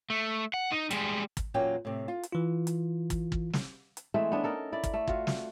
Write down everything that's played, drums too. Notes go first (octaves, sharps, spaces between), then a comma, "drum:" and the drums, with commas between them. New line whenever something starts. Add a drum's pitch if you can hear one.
A3
F#5
D#4
G3 G#3, drum: hi-hat
drum: kick, hi-hat
E2 A#2 F#3 A#3 C#4 G5
A2 C3
F4
drum: hi-hat
E3 F4
drum: hi-hat
drum: kick, hi-hat
drum: kick
drum: snare
drum: hi-hat
E3 G#3 A3 C4
B3 C#4 D4
D#4 A4 A#4
E4 D5
drum: kick, hi-hat
A3
F4 F#4 F5, drum: kick
drum: snare